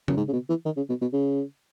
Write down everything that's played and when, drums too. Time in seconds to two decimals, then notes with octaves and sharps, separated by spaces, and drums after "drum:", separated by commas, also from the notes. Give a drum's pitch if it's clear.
0.08 F#2, drum: tom C#3
0.17 G#2
0.28 C#3
0.33 B2
0.50 E3
0.65 D#3
0.77 C#3
0.89 B2
1.02 B2
1.13 C#3